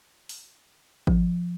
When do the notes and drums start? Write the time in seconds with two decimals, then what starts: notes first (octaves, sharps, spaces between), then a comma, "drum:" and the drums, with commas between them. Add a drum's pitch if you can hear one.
0.29 drum: open hi-hat
1.07 F3, drum: kick G#1